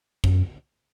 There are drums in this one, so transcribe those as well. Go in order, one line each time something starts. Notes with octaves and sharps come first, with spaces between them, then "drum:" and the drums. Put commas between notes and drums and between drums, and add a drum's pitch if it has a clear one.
F#2, drum: kick